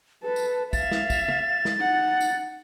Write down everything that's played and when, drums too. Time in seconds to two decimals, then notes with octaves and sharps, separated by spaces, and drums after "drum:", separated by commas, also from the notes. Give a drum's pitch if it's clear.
0.23 A4 B4
0.36 drum: tambourine
0.73 E5 F5 A6, drum: kick, tambourine
0.91 drum: snare
1.10 drum: kick, tambourine
1.28 drum: tom
1.65 drum: snare
1.77 D#4 F#5
2.21 drum: tambourine